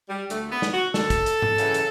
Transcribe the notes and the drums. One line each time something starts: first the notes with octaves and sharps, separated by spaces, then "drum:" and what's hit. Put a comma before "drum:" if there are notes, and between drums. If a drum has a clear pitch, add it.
G3
D2 D3 A3, drum: hi-hat
B3
drum: snare
F#4
D2 D3 A4, drum: snare
drum: kick, hi-hat
drum: hi-hat
drum: tom G#2
F#2 C#3 E3, drum: hi-hat
drum: hi-hat